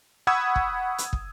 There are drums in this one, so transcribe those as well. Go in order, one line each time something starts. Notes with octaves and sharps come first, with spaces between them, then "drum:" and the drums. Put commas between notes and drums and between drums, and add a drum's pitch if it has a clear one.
F#5 B5 C#6 D#6 E6 G#6
drum: kick
drum: hi-hat
drum: kick